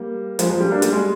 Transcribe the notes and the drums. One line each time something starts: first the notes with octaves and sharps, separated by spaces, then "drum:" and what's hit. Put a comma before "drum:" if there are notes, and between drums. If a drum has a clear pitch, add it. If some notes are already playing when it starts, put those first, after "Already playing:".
Already playing: G3 A#3
F3 G#3, drum: hi-hat
F3
G3
A#3 D4
G3, drum: hi-hat
G#3